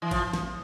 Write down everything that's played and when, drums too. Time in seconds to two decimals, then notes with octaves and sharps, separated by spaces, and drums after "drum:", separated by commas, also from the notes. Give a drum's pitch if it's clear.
0.02 E3
0.11 F3, drum: kick G#1, cymbal
0.33 drum: snare